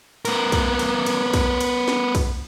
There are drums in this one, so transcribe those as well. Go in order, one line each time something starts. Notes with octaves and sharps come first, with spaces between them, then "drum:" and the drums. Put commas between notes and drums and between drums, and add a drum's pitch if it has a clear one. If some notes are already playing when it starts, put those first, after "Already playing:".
B3 A#4, drum: cymbal
drum: kick, cymbal
drum: cymbal
drum: cymbal
drum: kick, cymbal
drum: cymbal
drum: snare
drum: kick, cymbal